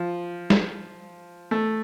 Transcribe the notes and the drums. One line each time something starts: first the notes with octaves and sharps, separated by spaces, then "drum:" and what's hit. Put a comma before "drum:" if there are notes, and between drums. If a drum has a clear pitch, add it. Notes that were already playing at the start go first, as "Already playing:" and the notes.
Already playing: F3
drum: snare
A3